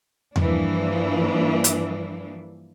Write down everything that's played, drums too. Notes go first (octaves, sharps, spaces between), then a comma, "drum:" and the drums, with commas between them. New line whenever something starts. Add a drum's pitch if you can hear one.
G2 E3 F3 A#3 D4, drum: tom E2
drum: hi-hat